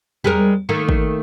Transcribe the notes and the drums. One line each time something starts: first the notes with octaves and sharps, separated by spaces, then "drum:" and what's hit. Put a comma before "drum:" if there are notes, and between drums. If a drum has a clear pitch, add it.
G3 G#3 A#4, drum: tom E2
D#3 A3 A#3
drum: kick